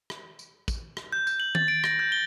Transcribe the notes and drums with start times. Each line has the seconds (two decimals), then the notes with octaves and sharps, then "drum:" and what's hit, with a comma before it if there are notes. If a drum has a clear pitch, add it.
0.10 drum: rim click
0.39 drum: tambourine
0.68 drum: kick, tambourine
0.97 drum: rim click
1.12 G6
1.27 G6, drum: tambourine
1.40 F#7
1.55 A6, drum: tom D#3
1.68 D7
1.84 A#6, drum: rim click
1.99 G6
2.12 G7